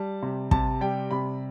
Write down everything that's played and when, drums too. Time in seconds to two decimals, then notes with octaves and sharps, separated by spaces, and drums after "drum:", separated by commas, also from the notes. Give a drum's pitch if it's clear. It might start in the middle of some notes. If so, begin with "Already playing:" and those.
Already playing: G3 A5
0.23 C3
0.51 C3 A5, drum: kick
0.81 G3 G5
1.11 C3 B5